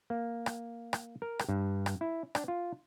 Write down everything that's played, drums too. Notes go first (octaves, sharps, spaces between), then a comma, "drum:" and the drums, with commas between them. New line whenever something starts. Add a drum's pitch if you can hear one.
A#3
drum: rim click
drum: rim click
A#4
drum: rim click
G2
drum: rim click
E4
D4, drum: rim click
F4